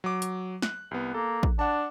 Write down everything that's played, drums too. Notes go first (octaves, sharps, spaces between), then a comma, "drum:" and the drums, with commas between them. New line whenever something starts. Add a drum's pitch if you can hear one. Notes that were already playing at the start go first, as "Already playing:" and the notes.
F#3 D6
drum: hi-hat
F#6, drum: snare
C2 B3
A#3 A4
drum: kick
D4 F#5 A5